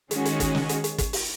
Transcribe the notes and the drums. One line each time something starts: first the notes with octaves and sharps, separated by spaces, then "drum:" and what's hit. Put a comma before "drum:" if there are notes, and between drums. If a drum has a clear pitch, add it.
D#3 G#3 C#4 F#4, drum: hi-hat
drum: hi-hat
drum: kick, hi-hat
drum: snare
drum: hi-hat
drum: hi-hat
drum: kick, hi-hat
drum: open hi-hat